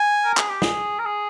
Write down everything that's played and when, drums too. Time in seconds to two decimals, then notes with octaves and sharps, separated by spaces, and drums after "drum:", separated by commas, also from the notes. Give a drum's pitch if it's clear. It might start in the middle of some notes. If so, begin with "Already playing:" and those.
Already playing: G#5
0.24 A#4
0.37 G#4, drum: clap
0.49 G4
0.62 G#4, drum: snare
0.99 A#4
1.06 G#4